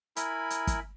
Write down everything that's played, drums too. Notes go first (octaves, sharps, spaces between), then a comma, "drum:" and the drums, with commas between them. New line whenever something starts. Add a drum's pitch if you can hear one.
E4 A#4 G#5 B5, drum: hi-hat
drum: hi-hat
drum: kick, hi-hat